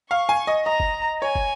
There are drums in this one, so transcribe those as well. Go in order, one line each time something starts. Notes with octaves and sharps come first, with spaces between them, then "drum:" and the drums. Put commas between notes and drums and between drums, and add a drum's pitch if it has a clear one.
F5 C#6
G#5
D#5
D#5 A#5
drum: kick
C#5 G#5
drum: kick